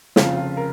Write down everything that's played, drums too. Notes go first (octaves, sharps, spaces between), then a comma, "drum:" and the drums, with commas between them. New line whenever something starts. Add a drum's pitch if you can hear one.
F1 F2 C#3 F4, drum: snare
F4
A#4